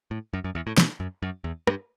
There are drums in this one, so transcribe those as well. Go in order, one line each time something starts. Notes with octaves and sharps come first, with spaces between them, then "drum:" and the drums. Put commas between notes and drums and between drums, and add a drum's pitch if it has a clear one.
A2
F#2
F#2
E2
A2
B2, drum: snare
F#2
F#2
E2
G2, drum: rim click